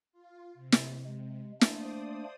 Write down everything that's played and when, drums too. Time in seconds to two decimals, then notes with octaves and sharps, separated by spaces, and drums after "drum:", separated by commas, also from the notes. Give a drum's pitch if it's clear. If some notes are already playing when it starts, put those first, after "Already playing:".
0.12 F4
0.54 C3
0.72 drum: snare
1.05 G#3
1.61 A3 A#3 D4 C5 D5 D#6, drum: snare